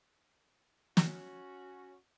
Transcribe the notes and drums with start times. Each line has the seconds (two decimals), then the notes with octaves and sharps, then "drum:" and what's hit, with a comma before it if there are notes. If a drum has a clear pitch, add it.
0.97 C#4 F#4, drum: snare